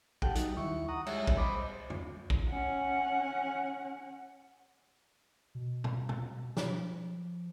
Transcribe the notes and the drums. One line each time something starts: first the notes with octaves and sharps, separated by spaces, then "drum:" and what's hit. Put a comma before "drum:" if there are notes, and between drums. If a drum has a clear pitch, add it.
G4 A4 F#5 G5, drum: kick
F#3 G3 D#4, drum: hi-hat
D#2 E4 C#6
F#5 A#5 D#6
G3 G#3 C#5 E5, drum: cymbal
drum: kick
C5 D#5 B5 D6
drum: tom F2
drum: kick
C#4 F#5
B2
drum: tom
drum: tom
F3, drum: snare